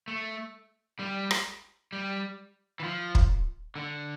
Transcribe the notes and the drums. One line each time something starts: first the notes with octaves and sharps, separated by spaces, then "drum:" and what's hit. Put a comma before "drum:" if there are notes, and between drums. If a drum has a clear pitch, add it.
A3
G3
drum: rim click
G3
E3
F3
drum: kick
D3